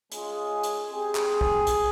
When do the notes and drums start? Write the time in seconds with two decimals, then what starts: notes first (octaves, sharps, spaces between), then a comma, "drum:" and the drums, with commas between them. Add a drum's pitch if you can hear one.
0.12 G#3 C#4 F4 G#4, drum: hi-hat
0.63 drum: hi-hat
0.89 C4 G4 G#4
1.15 drum: clap
1.41 drum: kick
1.67 drum: hi-hat